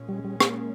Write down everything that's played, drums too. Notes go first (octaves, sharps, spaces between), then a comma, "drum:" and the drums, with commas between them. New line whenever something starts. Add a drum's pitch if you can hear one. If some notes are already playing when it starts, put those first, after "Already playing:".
Already playing: A#2 G#3 C#4
G3
G3
A#3, drum: rim click